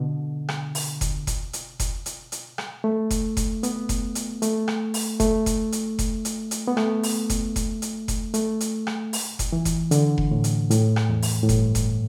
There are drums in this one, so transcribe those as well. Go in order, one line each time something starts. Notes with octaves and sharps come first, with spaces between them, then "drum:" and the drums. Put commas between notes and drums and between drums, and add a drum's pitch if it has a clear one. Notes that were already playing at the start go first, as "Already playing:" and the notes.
Already playing: B2 D3
drum: rim click
drum: open hi-hat
drum: kick F1, hi-hat
drum: kick F1, hi-hat
drum: hi-hat
drum: kick F1, hi-hat
drum: hi-hat
drum: hi-hat
drum: rim click
A3
drum: kick F1, hi-hat
drum: kick F1, hi-hat
B3, drum: hi-hat
drum: kick F1, hi-hat
drum: hi-hat
A3, drum: hi-hat
drum: rim click
drum: open hi-hat
A3, drum: kick F1, hi-hat
drum: kick F1, hi-hat
drum: hi-hat
drum: kick F1, hi-hat
drum: hi-hat
drum: hi-hat
B3
A3, drum: rim click
drum: open hi-hat
drum: kick F1, hi-hat
drum: kick F1, hi-hat
drum: hi-hat
drum: kick F1, hi-hat
A3, drum: hi-hat
drum: hi-hat
drum: rim click
drum: open hi-hat
drum: kick F1, hi-hat
E3
drum: kick F1, hi-hat
D3, drum: hi-hat
drum: kick F1
A2
drum: hi-hat
A2, drum: hi-hat
drum: rim click
E2
drum: open hi-hat
A2
G2, drum: kick F1, hi-hat
drum: kick F1, hi-hat